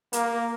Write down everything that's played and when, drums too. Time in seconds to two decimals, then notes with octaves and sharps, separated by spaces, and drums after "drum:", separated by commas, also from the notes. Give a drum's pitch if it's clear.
0.13 A#3, drum: hi-hat